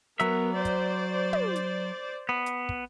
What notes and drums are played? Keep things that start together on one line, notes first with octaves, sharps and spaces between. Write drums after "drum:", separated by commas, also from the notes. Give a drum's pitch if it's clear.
F#3 B3 A#4 E5, drum: hi-hat
C5 D5
drum: kick, hi-hat
drum: tom
drum: hi-hat
B3
drum: hi-hat
drum: kick